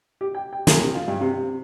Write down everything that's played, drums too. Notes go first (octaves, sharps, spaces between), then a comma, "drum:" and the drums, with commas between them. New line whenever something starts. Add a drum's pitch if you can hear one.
G4
G5
G5
G#4, drum: snare
C3
F4
G2
C3
C3